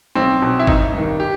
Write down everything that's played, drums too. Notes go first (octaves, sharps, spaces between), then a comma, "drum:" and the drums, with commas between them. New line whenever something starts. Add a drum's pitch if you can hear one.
B1 C4
B2
E4
G1 D#4, drum: kick
G2 D#3
G4